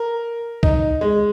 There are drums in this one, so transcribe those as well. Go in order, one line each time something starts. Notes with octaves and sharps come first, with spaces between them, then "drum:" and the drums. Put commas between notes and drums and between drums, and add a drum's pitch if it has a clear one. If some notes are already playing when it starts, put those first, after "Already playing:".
Already playing: A#4
D#4, drum: kick C2
G#3